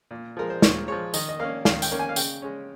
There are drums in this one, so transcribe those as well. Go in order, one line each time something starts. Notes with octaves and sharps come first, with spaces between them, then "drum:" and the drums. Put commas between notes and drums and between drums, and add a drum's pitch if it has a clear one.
A#2
F3 G#3 A#4
C5
A#2 C#5, drum: snare
F3 G#3 C#5
D#3 D#5, drum: tambourine
D#5
A#3 C#4 F5
D#3 F5, drum: snare
G5, drum: tambourine
A#3 C#4
G#5
F5
C#3 G5, drum: tambourine
G#3 C#4